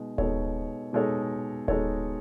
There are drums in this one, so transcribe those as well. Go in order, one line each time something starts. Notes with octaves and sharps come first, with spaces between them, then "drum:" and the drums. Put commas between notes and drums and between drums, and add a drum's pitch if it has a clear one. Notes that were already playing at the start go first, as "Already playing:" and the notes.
Already playing: B2 G#3 D#4
B2 G#3 D#4 A4 C#5, drum: kick D1
B2 G#3 D#4 A4 C#5
B2 G#3 D#4 A4 C#5, drum: kick D1